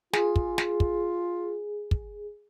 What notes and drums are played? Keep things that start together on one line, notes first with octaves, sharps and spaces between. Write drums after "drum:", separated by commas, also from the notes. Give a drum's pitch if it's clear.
F4 G#4, drum: snare
drum: kick
drum: snare
drum: kick
drum: kick